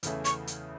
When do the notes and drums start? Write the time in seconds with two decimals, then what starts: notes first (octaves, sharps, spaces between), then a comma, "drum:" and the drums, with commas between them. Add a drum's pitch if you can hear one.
0.03 E2 C#3 E3 A3, drum: hi-hat
0.25 C#6, drum: hi-hat
0.47 drum: hi-hat